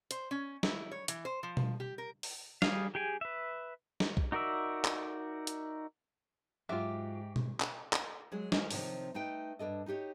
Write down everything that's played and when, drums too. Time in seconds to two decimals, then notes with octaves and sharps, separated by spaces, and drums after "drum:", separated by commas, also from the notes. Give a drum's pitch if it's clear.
0.11 C5, drum: hi-hat
0.31 C#4
0.63 E4, drum: snare
0.92 C#5
1.08 E3, drum: hi-hat
1.25 C5
1.43 F3
1.57 drum: tom B2
1.80 G4
1.98 A#4
2.23 drum: open hi-hat
2.62 G3 G#4 F5, drum: snare
2.95 G4 G#4 G5 G#5
3.21 B4 E5
4.00 drum: snare
4.17 drum: kick B1
4.32 D#4 F#4 A#4 D5 E5
4.85 drum: clap
5.47 drum: hi-hat
6.69 G#2 F#3 F4 G4 E5 D6
7.36 drum: tom B2
7.60 drum: clap
7.93 drum: clap
8.32 F#3 G#3 G#4
8.52 G#3 C#4 D#4 A#4 C5, drum: snare
8.71 C3 D#3 F3 C#5, drum: open hi-hat
9.14 A3 D#4 B4 G5
9.59 G2 D4 A4 D#5
9.86 D#4 F#4 G4 C#5